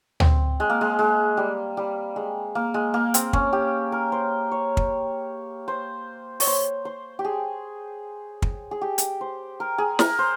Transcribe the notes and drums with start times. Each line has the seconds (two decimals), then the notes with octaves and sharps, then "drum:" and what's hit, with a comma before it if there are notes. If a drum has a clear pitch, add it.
0.20 C4, drum: tom D2
0.60 G#3
0.70 A#3
0.81 G#3
0.99 G#3
1.37 G3
1.77 G3
2.16 G#3
2.55 A#3
2.74 G#3
2.94 A#3
3.14 C4, drum: hi-hat
3.33 C#4, drum: kick
3.53 G4
3.92 A#4
4.12 C5
4.51 C#5
4.77 drum: kick
5.68 C5
6.40 C#5, drum: open hi-hat
6.47 C5
6.85 C5
7.19 G4
7.25 G#4
8.42 drum: kick
8.71 G#4
8.81 G4
8.98 drum: hi-hat
9.21 C5
9.60 A#4
9.78 G#4
9.99 A#4, drum: snare
10.19 C5